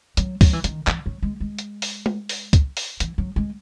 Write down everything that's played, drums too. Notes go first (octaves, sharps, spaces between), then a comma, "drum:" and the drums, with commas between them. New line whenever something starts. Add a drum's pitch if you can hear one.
F#3, drum: hi-hat
F#3, drum: kick C#2, open hi-hat
E3
D#3, drum: hi-hat
E3, drum: clap
F#3
G#3
G#3
drum: hi-hat
drum: open hi-hat
drum: tom G#3
drum: open hi-hat
drum: kick C#2, hi-hat
drum: open hi-hat
E3, drum: hi-hat
F#3
G#3